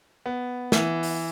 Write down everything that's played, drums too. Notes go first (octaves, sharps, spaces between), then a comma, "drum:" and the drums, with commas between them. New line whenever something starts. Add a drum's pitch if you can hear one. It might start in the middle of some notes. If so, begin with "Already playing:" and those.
B3
E3, drum: snare
drum: open hi-hat